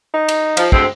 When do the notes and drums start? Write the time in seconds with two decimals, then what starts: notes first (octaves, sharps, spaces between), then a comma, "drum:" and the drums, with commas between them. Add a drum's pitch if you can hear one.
0.14 D#4
0.29 drum: cymbal
0.57 F3, drum: cymbal
0.72 D2 G#3 C4, drum: kick